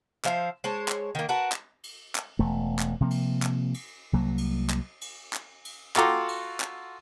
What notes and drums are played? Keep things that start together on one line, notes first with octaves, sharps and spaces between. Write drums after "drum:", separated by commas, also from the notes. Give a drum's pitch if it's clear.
F3 C5 E5 F5, drum: clap
G#3 C5 C#5 A5
drum: clap
D#3 A#3
F#4 A#4 B4 A5
drum: clap
drum: cymbal
drum: clap
E1 A3
drum: clap
C3 F3 A#3
drum: cymbal
drum: clap
drum: cymbal
C2 F#3 A#3
drum: cymbal
drum: clap
drum: cymbal
drum: clap
drum: cymbal
F4 F#4 A4 G5 A#5 D6, drum: clap
drum: cymbal
drum: clap